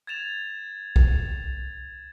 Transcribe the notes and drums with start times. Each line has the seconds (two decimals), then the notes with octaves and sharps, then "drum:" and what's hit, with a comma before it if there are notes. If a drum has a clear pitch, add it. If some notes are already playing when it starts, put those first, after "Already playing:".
0.07 G#6 A6 E7 F7
0.96 drum: kick B1